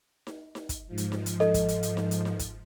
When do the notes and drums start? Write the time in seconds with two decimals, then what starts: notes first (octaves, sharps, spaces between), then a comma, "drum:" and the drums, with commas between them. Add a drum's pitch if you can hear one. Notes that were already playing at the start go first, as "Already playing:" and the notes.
0.27 drum: snare D#4
0.55 drum: snare D#4
0.69 drum: kick, hi-hat
0.87 G#2 F3
0.98 drum: hi-hat
1.12 drum: snare D#4
1.26 drum: hi-hat
1.40 A4 D#5, drum: snare D#4
1.54 drum: kick, hi-hat
1.68 drum: hi-hat
1.83 drum: hi-hat
1.97 drum: snare D#4
2.11 drum: hi-hat
2.25 drum: snare D#4
2.39 drum: kick, hi-hat